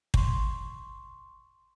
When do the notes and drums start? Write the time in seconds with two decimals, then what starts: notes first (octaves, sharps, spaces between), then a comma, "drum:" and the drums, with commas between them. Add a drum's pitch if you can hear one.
0.14 C6 C#6, drum: kick